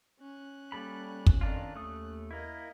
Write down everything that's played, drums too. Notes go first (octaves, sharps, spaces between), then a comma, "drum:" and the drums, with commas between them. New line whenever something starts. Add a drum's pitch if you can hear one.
C#4 F#6
G3 A#3 A4 B5
drum: kick
F2 D#3 D4 F4
D#2 A3 D#6
A#3 E4 A#4 D#5